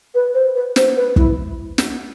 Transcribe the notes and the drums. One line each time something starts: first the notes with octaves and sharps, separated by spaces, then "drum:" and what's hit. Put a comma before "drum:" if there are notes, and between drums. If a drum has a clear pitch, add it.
B4
C5
B4
C5, drum: snare
B4
E4, drum: kick
drum: snare